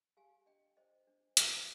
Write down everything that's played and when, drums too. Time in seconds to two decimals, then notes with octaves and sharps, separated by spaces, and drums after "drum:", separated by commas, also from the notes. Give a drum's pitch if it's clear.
0.17 G4 F5 G#5
0.46 D4 D#5 G5
0.77 C5 D#5
1.07 D4
1.37 G4, drum: hi-hat